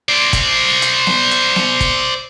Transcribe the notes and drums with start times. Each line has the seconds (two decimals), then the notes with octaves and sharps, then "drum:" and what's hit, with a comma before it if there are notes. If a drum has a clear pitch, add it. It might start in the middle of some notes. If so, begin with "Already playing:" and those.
0.08 C5 D5
0.33 drum: kick, hi-hat
0.82 drum: hi-hat
1.07 drum: snare B3
1.31 drum: hi-hat
1.56 drum: snare B3
1.80 drum: kick, hi-hat